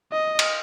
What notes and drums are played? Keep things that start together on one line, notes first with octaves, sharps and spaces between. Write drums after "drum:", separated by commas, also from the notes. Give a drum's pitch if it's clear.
D#5
drum: cymbal